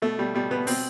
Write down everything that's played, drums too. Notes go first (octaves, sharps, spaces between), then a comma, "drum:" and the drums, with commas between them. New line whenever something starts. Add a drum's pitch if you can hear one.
B2 A3
B2 G3
B2 G3
B2 B3
B2 C4, drum: open hi-hat